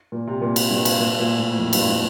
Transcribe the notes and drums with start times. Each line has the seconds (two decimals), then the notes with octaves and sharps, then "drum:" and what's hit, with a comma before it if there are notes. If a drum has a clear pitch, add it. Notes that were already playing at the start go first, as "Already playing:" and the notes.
0.12 A#2
0.27 C3
0.42 A#2
0.56 drum: cymbal
0.70 G2
0.85 drum: cymbal
1.00 A#2
1.20 A#2
1.39 A2
1.59 F2
1.73 G2, drum: cymbal
1.88 A2